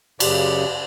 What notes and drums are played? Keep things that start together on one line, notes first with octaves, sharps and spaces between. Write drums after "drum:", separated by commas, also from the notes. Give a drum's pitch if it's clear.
F#2 C#3 G4 D5, drum: cymbal